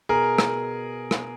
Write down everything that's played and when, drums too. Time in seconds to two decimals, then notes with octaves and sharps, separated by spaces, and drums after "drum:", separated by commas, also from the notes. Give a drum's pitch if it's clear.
0.09 B2 G#4 A#4
0.38 drum: rim click
1.11 drum: rim click